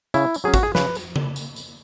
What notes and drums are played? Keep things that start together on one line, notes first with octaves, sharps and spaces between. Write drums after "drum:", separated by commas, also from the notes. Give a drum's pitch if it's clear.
C#3 E4, drum: tambourine
drum: tambourine
F#3 C#4 G#4
F#4, drum: kick, tambourine
G#4
C#3 B4, drum: snare
drum: tambourine
drum: tom C#3
drum: tambourine
drum: tambourine